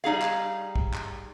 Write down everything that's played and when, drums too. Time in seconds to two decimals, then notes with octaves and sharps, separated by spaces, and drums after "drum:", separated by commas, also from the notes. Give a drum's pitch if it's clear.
0.04 G3 D#4 G#4 F5
0.22 drum: clap
0.76 drum: kick
0.93 drum: clap